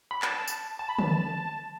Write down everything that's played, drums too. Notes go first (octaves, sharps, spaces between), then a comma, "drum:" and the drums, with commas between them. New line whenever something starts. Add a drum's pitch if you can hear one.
B5
A5, drum: clap
drum: tambourine
A5
B5
A5, drum: tom D3